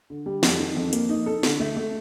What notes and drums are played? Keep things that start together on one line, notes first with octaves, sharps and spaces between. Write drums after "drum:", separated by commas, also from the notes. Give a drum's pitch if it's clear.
D3
G3
F2, drum: snare
D#3
F2
A#3, drum: hi-hat
D#4
A4
D3, drum: snare
A3
A3